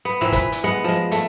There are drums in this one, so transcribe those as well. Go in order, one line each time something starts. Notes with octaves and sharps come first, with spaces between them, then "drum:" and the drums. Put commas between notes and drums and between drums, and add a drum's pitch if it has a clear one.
B3
A#2 E3 C4
B4, drum: kick, hi-hat
drum: hi-hat
G#3 B3 F#5
F3 G#3
A3, drum: hi-hat